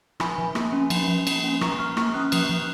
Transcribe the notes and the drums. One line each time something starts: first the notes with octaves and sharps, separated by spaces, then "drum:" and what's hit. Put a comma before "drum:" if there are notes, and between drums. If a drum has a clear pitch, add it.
F3 G#5 B5, drum: rim click
F3
A#3, drum: rim click
C#4
F3, drum: cymbal
F3
A#3, drum: cymbal
C#4
F3 A#5 C#6, drum: rim click
F3 C#6 F6
A#3 C#6 F6, drum: rim click
C#4 D#6 F#6
F3 D#6 F#6, drum: cymbal
F3